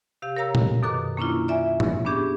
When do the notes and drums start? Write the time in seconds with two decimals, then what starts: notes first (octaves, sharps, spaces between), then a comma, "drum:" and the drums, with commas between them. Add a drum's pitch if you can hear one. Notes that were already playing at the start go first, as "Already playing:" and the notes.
0.22 C3 G4 F5
0.37 A#4 C#5 F5 A#5 E6
0.55 drum: tom A#2
0.82 F#2 B2 D#3 A4 D6 F#6
1.17 A#3 C#4 D4 E4 F4
1.48 D5 E5 G#5
1.80 drum: tom
2.05 B3 C#4 D4 G4 G#4